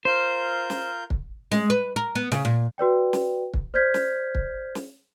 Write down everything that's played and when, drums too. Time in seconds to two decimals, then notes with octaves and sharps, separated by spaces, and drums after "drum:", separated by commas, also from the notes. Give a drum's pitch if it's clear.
0.05 F4 A#4 C5 G6
0.70 drum: snare
1.10 drum: kick
1.52 G#3, drum: snare
1.70 B4
1.96 A#4
2.15 B3
2.32 C#3, drum: snare
2.45 A#2
2.78 F#4 B4 D5 G5
3.13 drum: snare
3.54 drum: kick
3.74 C5 D5 F6 G6 G#6 B6
3.94 drum: snare
4.35 drum: kick
4.75 drum: snare